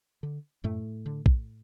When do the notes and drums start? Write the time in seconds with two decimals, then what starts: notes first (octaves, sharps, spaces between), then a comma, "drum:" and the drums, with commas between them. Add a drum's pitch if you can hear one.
0.23 D3
0.64 F#2 A2 A3
1.06 D3
1.26 drum: kick